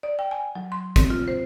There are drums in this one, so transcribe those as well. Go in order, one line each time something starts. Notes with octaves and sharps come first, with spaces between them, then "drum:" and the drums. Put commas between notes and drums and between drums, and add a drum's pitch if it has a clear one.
D5
G5
G#5
F#3
C6
C4, drum: kick, hi-hat
F4
C5